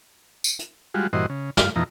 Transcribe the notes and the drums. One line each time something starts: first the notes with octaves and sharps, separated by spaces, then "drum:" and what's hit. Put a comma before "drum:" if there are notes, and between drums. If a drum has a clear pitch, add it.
drum: tambourine
drum: hi-hat
G3 G#3 F4 F#4
G2 A#2 E3 F#4 C5 D#5
C#3
G2 F4 F5, drum: snare
F2 B2 E3 F3 D#4 A#5